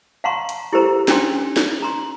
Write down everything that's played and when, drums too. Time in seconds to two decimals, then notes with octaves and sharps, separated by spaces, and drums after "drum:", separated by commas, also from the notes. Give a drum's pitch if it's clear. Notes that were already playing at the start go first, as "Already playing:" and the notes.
0.24 F5 F#5 A5 A#5 C6 C#6
0.49 drum: hi-hat
0.73 E4 G4 A4 A#4 C5 A#5
1.08 C#4 D4 G5 C6, drum: snare
1.57 drum: snare
1.82 A#5 C6